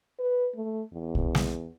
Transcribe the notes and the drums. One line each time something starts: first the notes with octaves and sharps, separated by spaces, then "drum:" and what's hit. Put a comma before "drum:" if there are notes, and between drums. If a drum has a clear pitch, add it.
B4
A3
E2
drum: kick
drum: snare